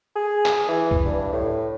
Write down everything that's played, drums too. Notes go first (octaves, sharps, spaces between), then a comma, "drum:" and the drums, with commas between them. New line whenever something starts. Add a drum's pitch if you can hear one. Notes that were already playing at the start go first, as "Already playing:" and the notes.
G#4
drum: clap
E3
drum: kick
G2
A2